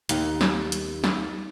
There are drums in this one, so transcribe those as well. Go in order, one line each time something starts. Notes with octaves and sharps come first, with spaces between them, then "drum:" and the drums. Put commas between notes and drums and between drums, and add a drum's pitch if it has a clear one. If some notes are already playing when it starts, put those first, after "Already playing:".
D#2, drum: hi-hat
drum: snare
drum: hi-hat
drum: snare